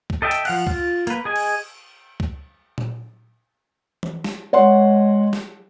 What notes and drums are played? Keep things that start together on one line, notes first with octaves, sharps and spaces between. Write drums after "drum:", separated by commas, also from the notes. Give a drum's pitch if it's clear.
drum: kick C#2
A4 D#5 E5 G5 A5
drum: hi-hat
F3 F5 F#5, drum: cymbal
F4, drum: kick C#2
A#3 B4, drum: hi-hat
G#4 D#5 G#5
drum: cymbal
drum: kick C#2
drum: tom A#2
drum: tom E3
drum: snare
G#3 C#5 F#5 C6
drum: snare